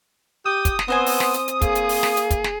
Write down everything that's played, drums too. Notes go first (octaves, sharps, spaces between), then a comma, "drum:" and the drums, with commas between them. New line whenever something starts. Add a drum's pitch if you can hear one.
G4 D#6
drum: kick, hi-hat
drum: snare
B3 C4 C5 G#5
drum: open hi-hat
drum: snare
drum: hi-hat
drum: hi-hat
A#3 G#4, drum: kick, hi-hat
drum: hi-hat
drum: open hi-hat
drum: snare
drum: hi-hat
drum: kick, hi-hat
drum: snare